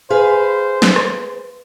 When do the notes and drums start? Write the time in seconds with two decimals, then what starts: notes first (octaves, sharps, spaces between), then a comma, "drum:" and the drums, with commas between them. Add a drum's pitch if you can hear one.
0.10 G#4 B4 C5 F5
0.82 drum: snare
0.96 drum: rim click